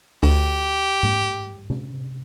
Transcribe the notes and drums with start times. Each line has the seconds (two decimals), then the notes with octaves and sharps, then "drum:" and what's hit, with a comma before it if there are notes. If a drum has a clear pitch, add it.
0.23 D2 G4, drum: open hi-hat
1.03 drum: tom G#2
1.70 drum: tom C3